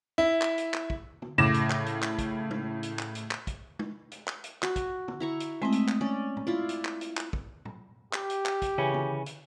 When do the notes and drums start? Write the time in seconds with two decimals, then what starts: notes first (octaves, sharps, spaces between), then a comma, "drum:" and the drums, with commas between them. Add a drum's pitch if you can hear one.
0.18 E4
0.42 drum: clap
0.58 drum: hi-hat
0.74 drum: clap
0.90 drum: kick
1.22 drum: tom
1.38 A2 C#3 D6 A#6 E7
1.54 drum: hi-hat
1.70 drum: clap
1.86 drum: hi-hat
2.02 drum: clap
2.19 drum: kick, hi-hat
2.51 drum: tom G#3
2.83 drum: hi-hat
2.99 drum: clap
3.15 drum: hi-hat
3.31 drum: clap
3.47 drum: kick, hi-hat
3.79 drum: tom G#3
4.12 drum: hi-hat
4.28 drum: clap
4.44 drum: hi-hat
4.63 F#4, drum: clap
4.76 drum: kick, hi-hat
5.08 drum: tom
5.20 E4 A#5 C#6
5.40 drum: hi-hat
5.62 G#3 A3 C4 D#5 E5
5.72 drum: hi-hat
5.88 drum: clap
6.01 C#4 D5
6.37 drum: tom A2
6.47 E4 F4 D5
6.69 drum: hi-hat
6.85 drum: clap
7.01 drum: hi-hat
7.17 drum: clap
7.33 drum: kick
7.65 drum: tom A2
8.13 G4, drum: clap
8.30 drum: hi-hat
8.46 drum: clap
8.62 drum: kick, hi-hat
8.78 C#3 E3 C#4
8.94 drum: tom
9.26 drum: hi-hat